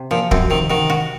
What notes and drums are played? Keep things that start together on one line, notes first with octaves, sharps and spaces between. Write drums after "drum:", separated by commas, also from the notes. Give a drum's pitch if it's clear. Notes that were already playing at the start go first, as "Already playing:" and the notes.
Already playing: C3
A#2 F3
F#2 C4, drum: kick D1
C3 D#3
D#3 F#4
F#4